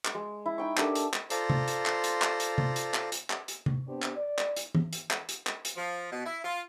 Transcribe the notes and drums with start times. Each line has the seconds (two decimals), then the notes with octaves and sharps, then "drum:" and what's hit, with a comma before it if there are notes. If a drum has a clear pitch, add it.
0.05 drum: clap
0.15 G#3
0.46 E4
0.58 D#4 G5 C#6
0.77 D4 G4 A4 A#4, drum: clap
0.95 drum: hi-hat
1.13 drum: clap
1.30 F4 A4 C5 D5 A#5 C6, drum: hi-hat
1.50 drum: tom C3
1.68 drum: hi-hat
1.86 drum: clap
2.04 drum: hi-hat
2.22 drum: clap
2.40 drum: hi-hat
2.58 drum: tom C3
2.76 drum: hi-hat
2.94 drum: clap
3.12 drum: hi-hat
3.30 drum: clap
3.48 drum: hi-hat
3.66 drum: tom C3
3.87 B3 C4 D4 G4 B4 C5
4.02 drum: clap
4.17 D5
4.38 drum: clap
4.56 drum: hi-hat
4.75 drum: tom
4.93 drum: hi-hat
5.11 drum: clap
5.29 drum: hi-hat
5.47 drum: clap
5.65 drum: hi-hat
5.77 F3
6.12 B2
6.25 E4
6.44 F4